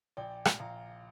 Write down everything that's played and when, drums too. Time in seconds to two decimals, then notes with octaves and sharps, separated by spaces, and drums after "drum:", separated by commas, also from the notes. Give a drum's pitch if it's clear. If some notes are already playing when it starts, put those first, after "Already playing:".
0.17 A#1 D5 G5
0.45 drum: rim click
0.60 A#1 F5 A#5